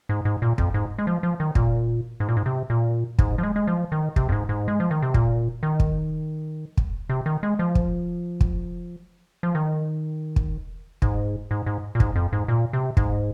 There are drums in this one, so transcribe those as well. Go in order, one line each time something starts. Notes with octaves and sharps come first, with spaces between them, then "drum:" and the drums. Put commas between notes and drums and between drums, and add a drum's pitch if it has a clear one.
G#2
G#2
A#2
F2, drum: kick
G#2
G#3
F3
F3
D#3
A#2, drum: kick
G#2
A#2
G#2
C3
A#2
G#2, drum: kick
F3
G#3
G#3
F3
D#3
C3, drum: kick
F2
G#2
G#2
G#3
F3
D#3
C3
A#2, drum: kick
D#3
drum: kick
drum: kick
C3
D#3
G#3
F3
drum: kick
drum: kick
F3
D#3
drum: kick
G#2, drum: kick
G#2
G#2
A#2
G#2, drum: kick
F2
G#2
A#2
C3
G#2, drum: kick